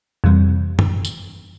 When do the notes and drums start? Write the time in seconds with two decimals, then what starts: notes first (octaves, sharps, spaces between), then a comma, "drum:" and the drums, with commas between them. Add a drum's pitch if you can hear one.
0.24 F2 C3 E3 G3
0.79 drum: tom F#2
1.05 drum: tambourine